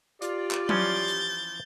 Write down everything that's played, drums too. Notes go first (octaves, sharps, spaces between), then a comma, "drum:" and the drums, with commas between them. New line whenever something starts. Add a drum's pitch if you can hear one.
F4 G4 D5, drum: hi-hat
drum: clap
E3 F3 C#4 G6 A6, drum: tom F#3
drum: hi-hat